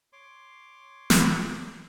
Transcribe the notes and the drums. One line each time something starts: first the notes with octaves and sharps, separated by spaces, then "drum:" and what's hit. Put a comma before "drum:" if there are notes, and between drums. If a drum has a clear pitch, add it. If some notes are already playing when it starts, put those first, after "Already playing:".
C#5 C6 D6
drum: snare